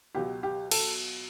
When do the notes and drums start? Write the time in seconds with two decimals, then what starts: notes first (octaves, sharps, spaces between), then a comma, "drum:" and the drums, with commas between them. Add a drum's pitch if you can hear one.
0.15 C#2 B2 F#3 G4
0.43 G4
0.71 A4, drum: cymbal